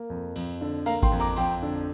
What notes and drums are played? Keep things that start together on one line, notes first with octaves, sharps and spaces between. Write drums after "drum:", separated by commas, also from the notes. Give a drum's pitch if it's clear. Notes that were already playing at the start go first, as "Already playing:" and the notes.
Already playing: A#3
F2
F2, drum: cymbal
D3
A#3 F5 A#5, drum: cymbal
G5 C6, drum: kick G#1, cymbal
F2
A#5 D6, drum: cymbal
F2 G5 C6, drum: cymbal
D3